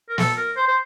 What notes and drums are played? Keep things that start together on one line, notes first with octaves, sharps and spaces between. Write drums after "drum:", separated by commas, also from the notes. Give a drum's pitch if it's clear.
A#4
A4, drum: snare
A#4
C5
C5